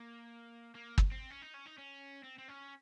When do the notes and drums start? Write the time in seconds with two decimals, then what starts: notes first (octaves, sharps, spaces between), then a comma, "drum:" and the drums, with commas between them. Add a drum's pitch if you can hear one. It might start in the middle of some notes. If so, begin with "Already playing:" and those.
Already playing: A#3
0.75 A#3
0.98 drum: kick
1.12 C4
1.31 C#4
1.42 D#4
1.54 C#4
1.66 D#4
1.78 C#4
2.24 C4
2.38 C4
2.48 C#4